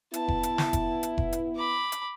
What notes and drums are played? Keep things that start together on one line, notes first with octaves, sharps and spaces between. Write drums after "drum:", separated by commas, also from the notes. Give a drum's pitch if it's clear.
B3 E4 A5, drum: hi-hat
drum: kick F1
drum: hi-hat
drum: snare
drum: kick F1, hi-hat
drum: hi-hat
drum: kick F1
drum: hi-hat
B5 D6
drum: hi-hat